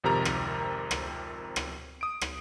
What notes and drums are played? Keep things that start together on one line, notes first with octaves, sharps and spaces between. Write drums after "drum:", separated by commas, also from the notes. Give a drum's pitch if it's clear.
G#1 F2 C3 G4 A#4 A#5
drum: rim click
drum: rim click
drum: rim click
D#6 D7
drum: rim click